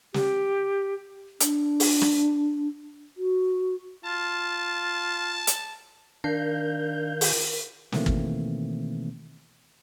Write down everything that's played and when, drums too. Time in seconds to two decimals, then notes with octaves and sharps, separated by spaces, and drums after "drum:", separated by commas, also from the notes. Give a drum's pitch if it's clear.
0.14 G4, drum: snare
1.41 D4, drum: hi-hat
1.80 drum: open hi-hat
2.01 drum: rim click
3.17 F#4
4.05 F4 A5
5.47 drum: hi-hat
6.24 D#3 D4 A#4 F5 G6
7.21 drum: open hi-hat
7.92 B2 D#3 E3 A3 A#3 C4, drum: snare
8.06 drum: kick